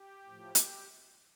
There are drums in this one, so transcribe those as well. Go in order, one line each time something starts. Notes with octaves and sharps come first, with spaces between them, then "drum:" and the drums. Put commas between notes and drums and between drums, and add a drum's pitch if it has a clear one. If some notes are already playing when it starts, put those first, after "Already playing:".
Already playing: G4
A2 F3
drum: hi-hat